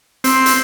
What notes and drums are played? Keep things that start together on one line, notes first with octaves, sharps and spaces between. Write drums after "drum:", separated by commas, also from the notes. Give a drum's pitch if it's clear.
C4, drum: hi-hat
drum: hi-hat